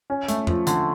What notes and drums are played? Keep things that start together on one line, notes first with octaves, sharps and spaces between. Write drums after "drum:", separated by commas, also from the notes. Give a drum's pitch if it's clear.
C#4
A3, drum: hi-hat
F3, drum: tom E2
D3, drum: hi-hat